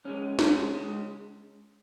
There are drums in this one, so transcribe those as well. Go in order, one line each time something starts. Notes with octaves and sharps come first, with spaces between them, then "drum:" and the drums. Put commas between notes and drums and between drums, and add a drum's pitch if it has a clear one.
F2 C#3 G#3 C#4
F2 C#3 G#3 C#4, drum: snare D4
C#2 C#3 G#3